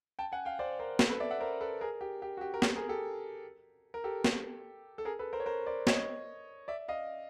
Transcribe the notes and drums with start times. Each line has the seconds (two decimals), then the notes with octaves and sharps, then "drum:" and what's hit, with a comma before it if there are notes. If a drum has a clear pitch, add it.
0.19 G5 A5
0.32 F#5 G#5
0.45 F5 G5
0.59 C5 D5
0.79 A#4 C5
0.99 A4 B4, drum: snare
1.09 A4 B4
1.20 D5 E5
1.30 E5 F#5
1.40 A#4 C5
1.60 A4 B4
1.81 G#4 A#4
2.01 G4
2.22 G4
2.37 F#4
2.41 G4
2.54 A#4
2.62 G4 A4, drum: snare
2.76 G#4 A#4
2.89 G4 A4
3.94 A#4
4.04 G4 A4
4.24 drum: snare
4.98 A4
5.05 G#4 A#4
5.19 A4 B4
5.33 A#4 C5
5.40 C#5
5.46 A#4 C5
5.66 C5 D5
5.87 C#5 D#5, drum: snare
6.68 D5 E5
6.88 D#5 F5